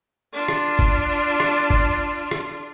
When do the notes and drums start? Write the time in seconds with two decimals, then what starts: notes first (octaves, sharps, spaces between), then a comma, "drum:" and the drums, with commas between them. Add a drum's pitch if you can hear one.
0.33 D4 F4
0.48 drum: rim click
0.79 drum: kick G#1
1.40 drum: rim click
1.70 drum: kick G#1
2.31 drum: rim click